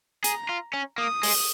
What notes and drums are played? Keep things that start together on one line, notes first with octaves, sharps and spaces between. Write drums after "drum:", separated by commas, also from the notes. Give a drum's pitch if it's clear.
G#4 A#5, drum: hi-hat
F4
C#4
A#3 D#6
G#3, drum: open hi-hat